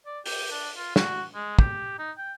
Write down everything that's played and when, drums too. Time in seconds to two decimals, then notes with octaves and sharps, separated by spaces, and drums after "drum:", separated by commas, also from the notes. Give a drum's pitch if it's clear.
0.06 D5
0.26 G4, drum: open hi-hat
0.50 D4
0.77 F4
0.96 F#4, drum: snare
1.35 G#3
1.59 G4, drum: kick
1.99 D#4
2.18 G5